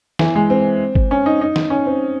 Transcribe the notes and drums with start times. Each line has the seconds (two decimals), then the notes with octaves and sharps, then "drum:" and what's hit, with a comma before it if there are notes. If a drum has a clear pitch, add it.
0.19 E3, drum: snare
0.35 G#3
0.50 C4
0.95 drum: kick G1
1.11 C#4
1.26 D#4
1.41 D#4
1.56 drum: snare
1.70 C#4
1.86 C4